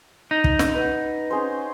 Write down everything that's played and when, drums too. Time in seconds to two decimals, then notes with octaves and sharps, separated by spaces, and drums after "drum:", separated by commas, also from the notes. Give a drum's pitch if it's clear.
0.31 D#4
0.44 drum: kick
0.59 drum: snare
0.74 B4 F#5
1.31 C#4 G#4 C5